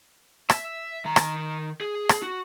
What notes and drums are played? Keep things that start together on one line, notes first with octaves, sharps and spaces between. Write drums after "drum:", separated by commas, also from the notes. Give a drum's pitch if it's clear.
E5, drum: rim click
D#3 A#5
drum: rim click
G#4
drum: rim click
F#4